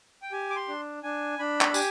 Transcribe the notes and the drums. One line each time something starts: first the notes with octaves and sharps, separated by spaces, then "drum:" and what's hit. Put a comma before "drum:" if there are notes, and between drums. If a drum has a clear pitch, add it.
G5
G4 G#5
D6
C6
D4
D4 G#5
D4 B5
drum: clap
G4 G#5, drum: tambourine